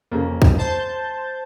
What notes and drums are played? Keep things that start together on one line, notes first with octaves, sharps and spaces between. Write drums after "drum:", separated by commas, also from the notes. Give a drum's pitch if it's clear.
F2 C#3 A#3
drum: kick
C5 A5 G6